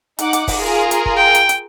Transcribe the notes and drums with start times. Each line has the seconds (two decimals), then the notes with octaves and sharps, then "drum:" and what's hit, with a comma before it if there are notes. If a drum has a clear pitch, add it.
0.19 D#4 F#5 D6, drum: hi-hat
0.33 drum: hi-hat
0.48 drum: kick, open hi-hat
0.58 F4 G#4 A#4
0.91 drum: hi-hat
1.06 drum: kick
1.17 G5
1.35 drum: hi-hat
1.49 drum: hi-hat